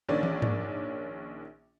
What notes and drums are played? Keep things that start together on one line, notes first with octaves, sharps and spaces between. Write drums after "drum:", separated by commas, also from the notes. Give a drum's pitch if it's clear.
A#1 D#3 C#4 D4 D5
drum: tom
drum: tom G#2